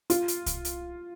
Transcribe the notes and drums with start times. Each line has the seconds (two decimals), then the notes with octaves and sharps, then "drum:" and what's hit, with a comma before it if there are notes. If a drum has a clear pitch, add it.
0.10 F4, drum: hi-hat
0.28 drum: hi-hat
0.46 drum: kick C2, hi-hat
0.65 drum: hi-hat